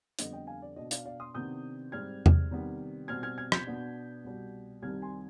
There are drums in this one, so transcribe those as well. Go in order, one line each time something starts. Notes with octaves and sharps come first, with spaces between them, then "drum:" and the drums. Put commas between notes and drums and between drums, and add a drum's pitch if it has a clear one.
F2 D3 G3 B3 D#5, drum: hi-hat
D#5 G5
F5 G#5
D5
B2 B3 D4 D#5
D5 F5, drum: hi-hat
D5 F5
C6 D#6
C3 D#3 B3 D4 D#6 G6
G#2 G3 C4 F6 G#6
drum: tom E2
C3 D#3 G3 B3
B2 G3 C4 F6 G#6
F6 G#6
F6 G#6
G6 B6, drum: rim click
B2 B3 D4
C2 B2 G3
C2 C3 D#3 G3 C4 F6 G#6
G#5 C6